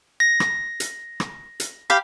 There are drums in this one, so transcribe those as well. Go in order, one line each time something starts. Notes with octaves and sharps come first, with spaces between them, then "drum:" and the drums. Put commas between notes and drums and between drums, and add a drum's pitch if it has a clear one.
A#6
drum: rim click
drum: hi-hat
drum: rim click
drum: hi-hat
G4 F5 B5